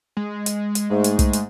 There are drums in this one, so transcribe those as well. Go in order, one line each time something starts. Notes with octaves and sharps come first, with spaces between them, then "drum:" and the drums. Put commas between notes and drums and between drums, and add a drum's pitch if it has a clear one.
G#3
drum: hi-hat
drum: hi-hat
G#2 A3
drum: hi-hat
drum: kick, hi-hat
drum: hi-hat